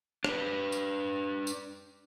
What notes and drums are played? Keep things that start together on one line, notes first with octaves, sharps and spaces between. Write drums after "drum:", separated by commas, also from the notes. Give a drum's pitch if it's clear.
D4 B4, drum: rim click
drum: tambourine
drum: tambourine